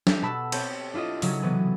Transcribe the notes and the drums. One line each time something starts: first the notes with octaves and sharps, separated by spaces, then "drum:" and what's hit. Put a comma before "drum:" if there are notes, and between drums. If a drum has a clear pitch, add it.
G4 A4, drum: snare
B2 F#4 A5 B5 E6
C4 G4 A4 C#5, drum: cymbal
D4 E4 F4 A4 D#5
C#3 F#3 C#4, drum: open hi-hat
C3 E3 B3 C#4